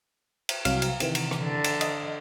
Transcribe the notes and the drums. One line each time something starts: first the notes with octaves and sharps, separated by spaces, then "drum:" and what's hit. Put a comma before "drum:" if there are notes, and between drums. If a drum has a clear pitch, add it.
drum: cymbal
C2 F#3 F5, drum: cymbal
drum: cymbal
C3 D#3 E3, drum: cymbal
drum: cymbal
drum: rim click
D3
drum: cymbal
D#5, drum: cymbal